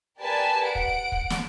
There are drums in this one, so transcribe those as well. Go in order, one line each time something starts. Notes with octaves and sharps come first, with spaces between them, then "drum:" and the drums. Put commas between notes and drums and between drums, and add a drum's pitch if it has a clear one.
G4 A#4 B4 D5 G#5 A5
F#5 D7
drum: kick
drum: kick
drum: snare